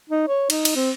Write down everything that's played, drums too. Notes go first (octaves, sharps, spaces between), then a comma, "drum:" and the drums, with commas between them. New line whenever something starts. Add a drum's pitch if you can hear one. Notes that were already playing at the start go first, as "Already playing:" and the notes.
D#4
C#5
D#4, drum: cymbal
drum: cymbal
C4